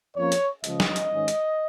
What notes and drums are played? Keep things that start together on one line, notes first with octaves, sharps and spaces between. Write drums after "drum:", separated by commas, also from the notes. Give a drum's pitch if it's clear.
F2 F3 A#3 C#4 C#5
drum: hi-hat
C#2 C#3 F3 D#5, drum: hi-hat
drum: snare
drum: hi-hat
G#2 D#3 G#3 C#4
drum: hi-hat